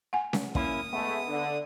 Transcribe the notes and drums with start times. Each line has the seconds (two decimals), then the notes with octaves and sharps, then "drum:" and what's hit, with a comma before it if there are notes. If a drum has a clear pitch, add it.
0.13 F#5 G#5
0.33 drum: snare C#4
0.55 A#3 C#4 E4 D#6, drum: kick
0.93 G#3 A3 B3 E5
1.28 D3